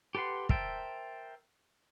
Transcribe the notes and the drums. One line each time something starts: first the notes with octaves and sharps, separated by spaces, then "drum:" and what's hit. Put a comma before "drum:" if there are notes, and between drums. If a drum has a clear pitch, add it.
G4 A4 B4 F#5 C6
A#4 C5 E5 G5 A5, drum: kick